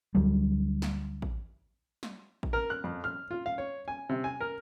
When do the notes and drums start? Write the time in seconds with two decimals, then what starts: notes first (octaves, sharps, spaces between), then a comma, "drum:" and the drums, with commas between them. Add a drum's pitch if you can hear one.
0.15 D2 D3 F#3 G3
0.82 drum: snare
1.22 drum: kick A1
2.03 drum: snare
2.43 drum: kick A1
2.53 A#4
2.70 F#6
2.84 F2
3.04 F6
3.31 F4
3.46 F5
3.58 C#5
3.88 G#5
4.09 C3
4.24 G#5
4.40 A#4